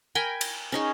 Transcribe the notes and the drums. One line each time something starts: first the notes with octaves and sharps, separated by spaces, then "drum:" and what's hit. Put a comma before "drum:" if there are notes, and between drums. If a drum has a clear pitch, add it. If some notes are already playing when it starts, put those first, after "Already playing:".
A#4 G5 G#5 B5
drum: cymbal
C#4 D#4 G#4